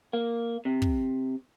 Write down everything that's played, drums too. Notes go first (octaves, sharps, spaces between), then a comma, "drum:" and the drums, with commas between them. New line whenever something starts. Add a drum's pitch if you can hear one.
A#3
C3
drum: kick